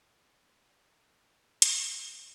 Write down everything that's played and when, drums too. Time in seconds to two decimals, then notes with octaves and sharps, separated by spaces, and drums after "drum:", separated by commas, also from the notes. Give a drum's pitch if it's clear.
0.10 B2 F3 F#3 D5 G5 A#5
1.62 drum: hi-hat